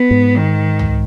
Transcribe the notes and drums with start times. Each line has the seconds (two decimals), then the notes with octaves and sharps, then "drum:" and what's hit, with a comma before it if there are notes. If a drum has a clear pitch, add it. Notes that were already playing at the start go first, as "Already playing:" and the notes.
Already playing: B3
0.11 G#2
0.36 D#3
0.79 drum: tom C2